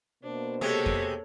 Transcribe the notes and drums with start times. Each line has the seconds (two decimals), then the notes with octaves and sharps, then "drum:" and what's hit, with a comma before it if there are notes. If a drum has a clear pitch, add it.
0.23 B2 A#3 D4 C5
0.61 C3 G#3 A4 C#5
0.86 drum: kick F2